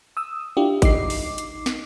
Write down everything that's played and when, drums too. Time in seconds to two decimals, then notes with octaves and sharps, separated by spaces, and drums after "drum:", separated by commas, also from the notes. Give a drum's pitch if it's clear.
0.17 D#6 E6
0.57 D4 E4 F4 G4
0.82 D#4 D6 C7, drum: kick G#1, hi-hat
1.10 drum: open hi-hat
1.38 drum: hi-hat
1.66 drum: snare